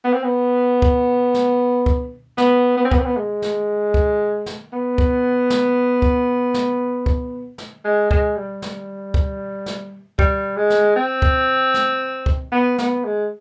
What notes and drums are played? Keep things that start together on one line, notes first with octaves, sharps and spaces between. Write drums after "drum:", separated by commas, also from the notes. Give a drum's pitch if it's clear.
B3
C4
B3
drum: kick
drum: snare
drum: kick
B3, drum: snare
B3
C4
B3, drum: kick
C4
B3
G#3
drum: snare
drum: kick
drum: snare
B3
drum: kick
drum: snare
drum: kick
drum: snare
drum: kick
drum: snare
G#3
G#3, drum: kick
G3
drum: snare
drum: kick
drum: snare
G3, drum: kick
G#3
drum: snare
C4
drum: kick
drum: snare
drum: kick
B3
B3, drum: snare
G#3